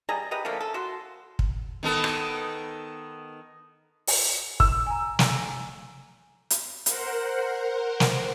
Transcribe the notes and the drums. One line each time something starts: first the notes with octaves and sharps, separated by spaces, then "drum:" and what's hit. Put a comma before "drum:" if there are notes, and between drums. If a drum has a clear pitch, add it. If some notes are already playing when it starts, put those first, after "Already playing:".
G3 G#4 D#5 A#5
G4 B4 D#5 F#5
D3 F3 A3 A#3
A4
F#4 C6
drum: kick
D#3 B3 A4
drum: rim click
drum: open hi-hat
E6, drum: kick
G#5 A#5
drum: snare
drum: hi-hat
A#4 C5 F#5, drum: hi-hat
drum: snare